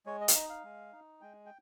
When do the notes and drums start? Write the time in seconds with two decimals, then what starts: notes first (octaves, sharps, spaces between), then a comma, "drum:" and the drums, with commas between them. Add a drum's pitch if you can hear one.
0.06 G#3 C#5
0.21 D#5
0.28 F5, drum: hi-hat
0.35 D#4 D#5
0.50 F5
0.64 G#3
0.93 D#4
1.21 G#3 G5
1.46 G5